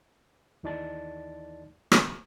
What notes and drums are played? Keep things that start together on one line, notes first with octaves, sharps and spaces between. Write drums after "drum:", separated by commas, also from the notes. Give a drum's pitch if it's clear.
D#2 E3 D#4 D5 A5 A6
drum: rim click